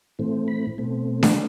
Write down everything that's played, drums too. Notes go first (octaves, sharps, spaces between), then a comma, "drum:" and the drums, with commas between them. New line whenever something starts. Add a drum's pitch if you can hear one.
A2 E3 A3 C4
B5
B2 A3 C4
C6, drum: snare D4